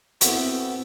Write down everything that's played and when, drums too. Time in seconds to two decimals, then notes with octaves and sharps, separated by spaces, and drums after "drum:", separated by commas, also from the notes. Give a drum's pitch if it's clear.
0.21 B3 C4 E4 F#4 A4, drum: hi-hat